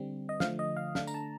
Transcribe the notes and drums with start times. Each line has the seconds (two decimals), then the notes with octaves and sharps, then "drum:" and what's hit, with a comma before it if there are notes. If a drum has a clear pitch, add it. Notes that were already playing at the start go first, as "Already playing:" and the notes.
Already playing: D3 G3 C4
0.29 D#5
0.40 D3 F3 A3 F5, drum: snare
0.59 D#5
0.76 F5
0.95 D3 A3 D4 F5, drum: snare
1.07 A#5, drum: tambourine
1.14 A5